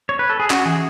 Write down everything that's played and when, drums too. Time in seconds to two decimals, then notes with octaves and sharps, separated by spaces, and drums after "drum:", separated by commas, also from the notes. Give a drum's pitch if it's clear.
0.09 C#5
0.19 B4
0.30 A4
0.40 G#4
0.50 C#4 F#4, drum: clap
0.66 E3 G#4